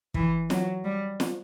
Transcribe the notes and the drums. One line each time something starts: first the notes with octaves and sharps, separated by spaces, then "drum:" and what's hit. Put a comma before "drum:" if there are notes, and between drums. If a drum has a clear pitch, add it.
E3, drum: kick
F#3, drum: snare
G3
drum: snare